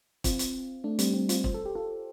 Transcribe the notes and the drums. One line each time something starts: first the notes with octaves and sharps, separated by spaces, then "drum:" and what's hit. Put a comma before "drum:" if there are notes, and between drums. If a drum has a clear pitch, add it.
C4 F4, drum: kick, hi-hat
drum: hi-hat
A3 D4
G3 C4, drum: hi-hat
G3 C4
C4 F4, drum: hi-hat
C5, drum: kick
A4
G4
F4 A4